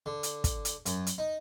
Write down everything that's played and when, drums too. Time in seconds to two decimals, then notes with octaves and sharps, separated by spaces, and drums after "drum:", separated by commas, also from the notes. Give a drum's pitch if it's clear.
0.06 D3
0.23 drum: hi-hat
0.44 drum: kick, hi-hat
0.65 drum: hi-hat
0.86 F#2, drum: hi-hat
1.07 drum: hi-hat
1.18 D#4